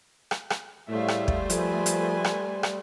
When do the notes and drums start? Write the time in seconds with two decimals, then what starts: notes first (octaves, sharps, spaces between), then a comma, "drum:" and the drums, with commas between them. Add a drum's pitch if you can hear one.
0.31 drum: rim click
0.50 drum: rim click
0.89 A2 G3 A3 G#4 C5 E5 F5
1.08 drum: rim click
1.28 drum: kick
1.50 F3 B4 G#5, drum: hi-hat
1.86 drum: hi-hat
2.24 drum: rim click
2.63 drum: rim click